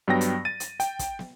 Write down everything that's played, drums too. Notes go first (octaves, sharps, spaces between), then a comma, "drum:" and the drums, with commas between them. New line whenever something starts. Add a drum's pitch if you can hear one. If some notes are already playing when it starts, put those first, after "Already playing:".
G2 F#3 B3 G5 A#6
drum: hi-hat
A6 D#7
drum: hi-hat
G5, drum: hi-hat
drum: kick, hi-hat
drum: snare